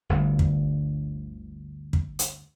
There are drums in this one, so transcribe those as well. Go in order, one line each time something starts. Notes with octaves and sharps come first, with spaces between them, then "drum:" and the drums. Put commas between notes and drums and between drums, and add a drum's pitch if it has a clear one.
G1 D2 G2 G3
drum: kick
drum: kick
drum: hi-hat